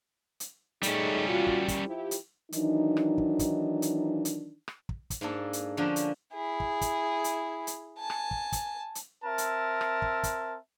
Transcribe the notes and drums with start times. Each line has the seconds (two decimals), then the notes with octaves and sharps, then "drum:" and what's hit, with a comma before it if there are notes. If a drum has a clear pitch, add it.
0.40 drum: hi-hat
0.83 G3 A3 C#4 D#4 G#4, drum: hi-hat
1.29 F4 F#4
1.47 drum: kick
1.68 drum: kick, hi-hat
1.85 F3 E4 G4
2.11 drum: hi-hat
2.52 D#3 E3 F#3 D4 D#4, drum: hi-hat
2.97 drum: rim click
3.18 drum: kick
3.39 drum: kick, hi-hat
3.82 drum: hi-hat
4.25 drum: hi-hat
4.68 drum: rim click
4.89 drum: kick
5.10 drum: kick, hi-hat
5.21 G#2 A#3 D4 A4
5.53 drum: hi-hat
5.77 D3 F3 A#3 C#4 D4
5.96 drum: hi-hat
6.34 E4 G#4
6.60 drum: kick
6.81 drum: kick, hi-hat
7.24 drum: hi-hat
7.67 drum: hi-hat
7.99 G#5 A5
8.10 drum: rim click
8.31 drum: kick
8.53 drum: kick, hi-hat
8.95 drum: hi-hat
9.24 C4 A#4 E5 A5
9.38 drum: hi-hat
9.81 drum: rim click
10.02 drum: kick
10.24 drum: kick, hi-hat